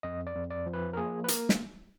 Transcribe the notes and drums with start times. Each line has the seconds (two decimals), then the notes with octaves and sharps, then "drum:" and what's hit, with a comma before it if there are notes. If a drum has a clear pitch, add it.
0.03 F2 D#5
0.27 D5
0.35 F2
0.50 D5
0.66 F3
0.73 B4
0.93 A#4
0.97 A#3 G#4
1.24 B4
1.28 A#4, drum: hi-hat
1.49 drum: snare